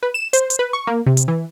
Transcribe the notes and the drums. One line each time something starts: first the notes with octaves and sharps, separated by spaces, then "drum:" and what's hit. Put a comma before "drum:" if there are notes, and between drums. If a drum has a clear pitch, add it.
B4
E7
C5, drum: hi-hat
drum: hi-hat
B4
C#6
A#3
C3
drum: hi-hat
E3